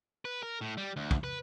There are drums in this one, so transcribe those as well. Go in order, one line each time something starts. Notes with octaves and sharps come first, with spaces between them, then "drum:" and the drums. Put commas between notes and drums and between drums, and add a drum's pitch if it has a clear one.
B4
A#4
A2
G3
D2
drum: kick
B4